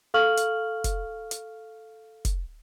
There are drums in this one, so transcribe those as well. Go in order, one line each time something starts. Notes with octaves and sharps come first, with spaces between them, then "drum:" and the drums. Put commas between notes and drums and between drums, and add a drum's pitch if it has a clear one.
A4 F5 C#6 F6 F#7
drum: hi-hat
drum: kick, hi-hat
drum: hi-hat
drum: kick, hi-hat